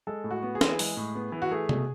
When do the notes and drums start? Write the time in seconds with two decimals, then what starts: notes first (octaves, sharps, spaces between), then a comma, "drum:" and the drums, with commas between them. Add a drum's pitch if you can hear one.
0.07 G#3 A4
0.24 A2
0.31 F#4
0.43 B3
0.55 G#4
0.61 E3, drum: snare
0.79 G#3, drum: open hi-hat
0.97 A2
1.15 B3
1.32 E3
1.42 F#4
1.51 A3 G#4
1.69 B2, drum: tom C3